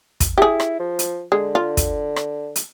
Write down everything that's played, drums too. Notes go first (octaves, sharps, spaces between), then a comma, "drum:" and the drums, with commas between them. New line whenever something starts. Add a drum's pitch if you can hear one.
drum: kick, hi-hat
E4 G4 G#4
drum: rim click
F3
drum: hi-hat
D3 G#3
F4
drum: kick, hi-hat
drum: rim click
drum: hi-hat